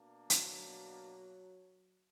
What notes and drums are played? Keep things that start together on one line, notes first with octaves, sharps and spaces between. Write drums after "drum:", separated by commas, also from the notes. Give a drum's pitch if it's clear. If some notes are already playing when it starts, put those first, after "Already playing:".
Already playing: B2 A#3 D4
F#3, drum: hi-hat